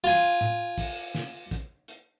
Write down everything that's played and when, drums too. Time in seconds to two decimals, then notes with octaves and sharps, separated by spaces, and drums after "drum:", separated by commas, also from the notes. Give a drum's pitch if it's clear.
0.04 F4 G#5
0.41 drum: tom
0.78 drum: kick, open hi-hat
1.15 drum: snare
1.51 drum: kick, hi-hat
1.88 drum: hi-hat